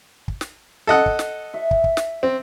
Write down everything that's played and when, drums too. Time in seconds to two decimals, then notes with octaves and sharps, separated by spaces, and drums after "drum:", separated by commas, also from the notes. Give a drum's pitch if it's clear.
0.28 drum: kick
0.41 drum: snare
0.87 A4 D#5 F#5
1.06 drum: kick
1.19 drum: snare
1.54 E5
1.71 drum: kick
1.84 drum: kick
1.97 drum: snare
2.23 C4